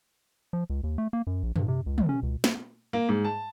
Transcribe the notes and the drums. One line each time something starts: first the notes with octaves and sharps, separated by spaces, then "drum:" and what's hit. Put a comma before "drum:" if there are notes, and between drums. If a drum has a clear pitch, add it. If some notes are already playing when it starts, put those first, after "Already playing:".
F3
C#2
D#2
A3
A#3
F#2
A#1
G2, drum: tom
C3
C#2
drum: tom
C#4
C#2
drum: snare
A#3
G#2
A5